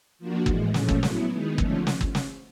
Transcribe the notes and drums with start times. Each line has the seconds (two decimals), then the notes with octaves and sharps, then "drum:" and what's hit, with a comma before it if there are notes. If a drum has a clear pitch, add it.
0.19 F3 A#3 D4 F#4
0.46 A2 E3 G#3, drum: kick
0.74 A#2 F3 A3 C#4, drum: snare
0.89 drum: kick
1.03 F#3 B3 E4, drum: snare
1.31 D#3 G#3 B3 D#4
1.58 D3 F3 A3 C#4, drum: kick
1.87 drum: snare
2.01 drum: kick
2.15 drum: snare